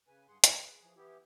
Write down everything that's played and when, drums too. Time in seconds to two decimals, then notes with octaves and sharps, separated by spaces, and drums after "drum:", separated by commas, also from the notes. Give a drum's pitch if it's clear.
0.07 C#3 B4 G#5
0.28 G2 G#4 F#5 C6
0.44 G4 A4, drum: hi-hat
0.59 G#4 B4
0.82 E3 F3 G#4
0.96 E3 B3 E4 G4